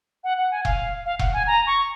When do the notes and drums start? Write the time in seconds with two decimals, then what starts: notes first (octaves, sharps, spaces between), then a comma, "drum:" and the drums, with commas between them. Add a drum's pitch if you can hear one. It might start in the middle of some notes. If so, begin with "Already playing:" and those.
0.24 F#5
0.38 F#5
0.51 G#5
0.65 F5, drum: kick E1
1.06 F5
1.19 F#5, drum: kick E1
1.33 G#5
1.47 A#5
1.67 C#6